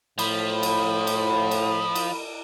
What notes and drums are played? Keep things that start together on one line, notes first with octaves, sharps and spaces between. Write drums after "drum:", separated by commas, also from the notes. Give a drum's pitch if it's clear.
A2 F3 B5, drum: cymbal
drum: cymbal
drum: cymbal
drum: cymbal
drum: cymbal